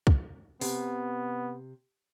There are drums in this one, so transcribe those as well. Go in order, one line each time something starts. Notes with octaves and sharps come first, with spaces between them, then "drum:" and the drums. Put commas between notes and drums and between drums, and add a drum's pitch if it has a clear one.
drum: kick C2
C3 B3, drum: open hi-hat